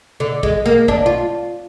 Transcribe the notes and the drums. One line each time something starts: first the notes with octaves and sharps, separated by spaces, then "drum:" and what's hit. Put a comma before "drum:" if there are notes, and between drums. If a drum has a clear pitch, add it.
D3
G#3, drum: kick
A#3
D4, drum: kick
F4